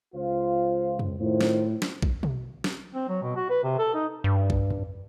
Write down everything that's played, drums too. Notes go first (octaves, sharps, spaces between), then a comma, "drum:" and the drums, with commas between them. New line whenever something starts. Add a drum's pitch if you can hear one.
C#2 F4 C5 F5
drum: tom F2
A2 D#3 F4 C5
drum: snare
drum: snare
drum: kick A#1
drum: tom B2
drum: snare
C4
F#3
B2
F#4
B4
C3
A4
D#4
G2
drum: kick A#1
drum: tom F2